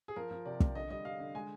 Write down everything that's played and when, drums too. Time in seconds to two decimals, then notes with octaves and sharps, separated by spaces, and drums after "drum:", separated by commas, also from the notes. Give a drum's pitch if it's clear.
0.08 G#4
0.16 F3 A#4
0.31 F3
0.45 C3 D5
0.60 C4, drum: kick
0.75 D3 D#5
0.90 G3 D#5
1.05 G3 F5
1.19 D3
1.35 G#3 G#5